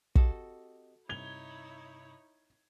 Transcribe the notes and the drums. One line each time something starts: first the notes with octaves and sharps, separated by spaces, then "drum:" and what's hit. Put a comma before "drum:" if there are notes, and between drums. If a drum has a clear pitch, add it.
C4 F#4 G4 A4 D#5, drum: kick
G2 C3 D#4 E4 C#5 G#6 F7 G7